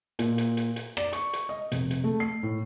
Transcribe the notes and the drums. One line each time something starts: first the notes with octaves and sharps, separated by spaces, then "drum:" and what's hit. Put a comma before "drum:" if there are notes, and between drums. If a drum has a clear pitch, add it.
A#2, drum: hi-hat
drum: hi-hat
drum: hi-hat
drum: hi-hat
D5, drum: rim click
C#6, drum: hi-hat
drum: hi-hat
D#5
F1, drum: hi-hat
drum: hi-hat
A3
C7
A2